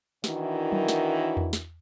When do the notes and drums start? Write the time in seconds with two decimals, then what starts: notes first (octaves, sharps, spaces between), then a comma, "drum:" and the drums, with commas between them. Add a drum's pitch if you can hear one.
0.24 D#3 E3 D4 E4 F#4 A#4, drum: snare
0.72 drum: tom F#3
0.88 drum: snare
1.37 drum: tom E2
1.53 drum: snare